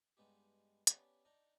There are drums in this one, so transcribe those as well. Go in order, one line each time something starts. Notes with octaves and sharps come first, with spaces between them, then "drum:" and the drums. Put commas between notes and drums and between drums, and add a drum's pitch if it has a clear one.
G2 G#3 B3 D#4 G4
B3 C#4 D4 G4 B4, drum: hi-hat
D4 D#4 G5 A#5